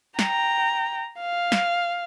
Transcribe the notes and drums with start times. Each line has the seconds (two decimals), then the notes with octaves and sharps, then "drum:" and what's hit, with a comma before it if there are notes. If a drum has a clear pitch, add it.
0.19 G5 A#5, drum: snare
1.21 F5
1.52 drum: snare